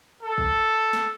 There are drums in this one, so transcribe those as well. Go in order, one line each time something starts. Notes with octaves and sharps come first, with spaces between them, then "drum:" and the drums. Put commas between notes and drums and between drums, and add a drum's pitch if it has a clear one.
A4
drum: kick
drum: snare